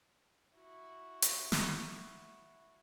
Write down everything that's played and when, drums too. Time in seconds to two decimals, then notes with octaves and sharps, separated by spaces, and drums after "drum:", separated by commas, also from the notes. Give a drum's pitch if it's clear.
0.56 E4 F#4
1.22 drum: hi-hat
1.52 drum: snare